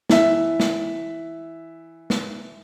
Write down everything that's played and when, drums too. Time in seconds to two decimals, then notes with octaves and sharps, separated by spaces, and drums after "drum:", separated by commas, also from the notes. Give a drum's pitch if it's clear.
0.10 E3 E5, drum: snare
0.60 drum: snare
2.10 drum: snare